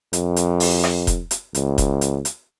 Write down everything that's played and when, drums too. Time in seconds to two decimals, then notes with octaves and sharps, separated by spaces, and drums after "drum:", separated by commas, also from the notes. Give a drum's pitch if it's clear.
0.13 F2, drum: hi-hat
0.36 drum: hi-hat
0.60 drum: open hi-hat
0.84 drum: rim click
1.07 drum: kick E1, hi-hat
1.31 drum: hi-hat
1.55 C#2, drum: hi-hat
1.78 drum: kick E1, hi-hat
2.01 drum: hi-hat
2.25 drum: hi-hat